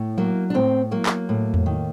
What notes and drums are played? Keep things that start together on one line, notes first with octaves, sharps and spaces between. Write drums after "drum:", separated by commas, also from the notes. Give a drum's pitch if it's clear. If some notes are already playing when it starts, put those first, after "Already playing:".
Already playing: A2
F#3 A#3
D4
A2 C4
F#3 A#3
drum: clap
A2
drum: tom E2
D#3